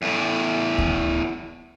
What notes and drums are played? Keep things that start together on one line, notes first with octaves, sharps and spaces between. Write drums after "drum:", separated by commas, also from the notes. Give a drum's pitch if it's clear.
E2 A2
drum: kick D2